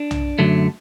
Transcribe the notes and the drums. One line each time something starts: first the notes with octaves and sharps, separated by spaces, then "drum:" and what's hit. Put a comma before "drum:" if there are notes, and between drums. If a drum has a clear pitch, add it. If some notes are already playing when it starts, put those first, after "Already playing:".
Already playing: D4
drum: tom B1
F#2 D3 F#3 A3